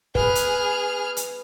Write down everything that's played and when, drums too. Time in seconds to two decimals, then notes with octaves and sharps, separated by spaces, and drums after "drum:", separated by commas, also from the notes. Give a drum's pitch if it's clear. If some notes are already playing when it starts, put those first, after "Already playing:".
0.15 G#4 B4 F6, drum: kick
0.35 drum: hi-hat
1.17 drum: hi-hat